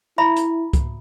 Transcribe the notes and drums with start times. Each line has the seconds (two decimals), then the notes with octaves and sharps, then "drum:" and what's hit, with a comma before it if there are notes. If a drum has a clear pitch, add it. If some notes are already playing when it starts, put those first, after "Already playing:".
0.18 E4 E5 A#5 B5
0.37 drum: hi-hat
0.73 drum: kick C2, hi-hat